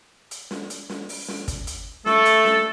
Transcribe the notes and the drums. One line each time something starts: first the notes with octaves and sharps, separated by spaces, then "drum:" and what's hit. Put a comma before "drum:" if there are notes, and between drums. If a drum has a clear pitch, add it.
drum: hi-hat
drum: snare
drum: hi-hat
drum: snare
drum: open hi-hat
drum: snare
drum: kick, hi-hat
drum: hi-hat
A3 A4, drum: snare
drum: hi-hat
drum: snare